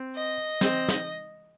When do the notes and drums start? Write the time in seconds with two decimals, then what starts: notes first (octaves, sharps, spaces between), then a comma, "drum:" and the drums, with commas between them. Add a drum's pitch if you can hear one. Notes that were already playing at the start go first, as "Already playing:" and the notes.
Already playing: C4
0.16 D#5
0.61 C4, drum: snare
0.89 drum: snare